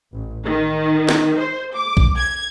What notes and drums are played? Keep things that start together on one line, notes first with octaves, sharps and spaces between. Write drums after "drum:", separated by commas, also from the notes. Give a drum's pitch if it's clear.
A1
D#3
drum: snare
C5
D6
drum: kick B1
G#6